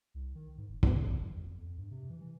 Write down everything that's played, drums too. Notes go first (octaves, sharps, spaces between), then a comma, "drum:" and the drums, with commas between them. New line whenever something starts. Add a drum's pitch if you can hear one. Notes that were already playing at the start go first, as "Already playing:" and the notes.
C2
D#3
G#2
F#1
D2, drum: kick
G1
F2
F2
G2
C3
E3
E3